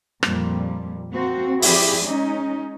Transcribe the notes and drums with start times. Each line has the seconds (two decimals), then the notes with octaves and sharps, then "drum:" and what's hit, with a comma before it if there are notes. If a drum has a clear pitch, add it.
0.23 F2 A#2 G3, drum: rim click
1.11 A#3 C4 F#4
1.62 F3 E4 G4 G#4 D5, drum: open hi-hat
2.04 G#3 C#4 D#4